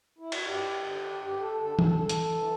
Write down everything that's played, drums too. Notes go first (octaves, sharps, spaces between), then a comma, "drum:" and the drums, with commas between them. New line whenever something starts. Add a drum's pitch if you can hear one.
E4
F#4, drum: cymbal
G2 G4
D3
G2 G4
A4
D3 A4
A4, drum: tom E3
G2 A4
drum: hi-hat
E3